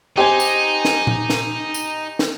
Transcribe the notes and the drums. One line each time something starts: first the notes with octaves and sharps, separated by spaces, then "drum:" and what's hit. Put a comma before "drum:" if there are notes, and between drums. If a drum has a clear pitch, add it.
D#4 G4 C5 G#5
drum: tambourine
drum: snare
drum: tom A#2
drum: snare
drum: tambourine
drum: snare